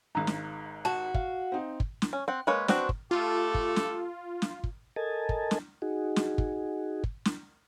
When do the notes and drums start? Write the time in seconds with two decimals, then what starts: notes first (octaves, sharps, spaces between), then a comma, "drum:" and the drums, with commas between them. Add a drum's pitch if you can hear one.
0.15 G#1 G#2 F5 A#5
0.27 drum: snare
0.85 F#4 A5
1.14 F5, drum: kick
1.52 C4 D#4
1.80 drum: kick
2.02 drum: snare
2.13 C#4
2.28 C4 F#5
2.47 G#3 A#3 B4 C#5
2.68 B3 C4 D4 F#4 C5, drum: snare
2.89 drum: kick
3.11 A3 F4 G4 A4
3.54 drum: kick
3.76 drum: snare
4.42 drum: snare
4.64 drum: kick
4.96 A4 A#4 D#5 G#5 A5
5.29 drum: kick
5.51 drum: snare
5.82 D#4 F#4 G#4
6.16 drum: snare
6.38 drum: kick
7.04 drum: kick
7.25 drum: snare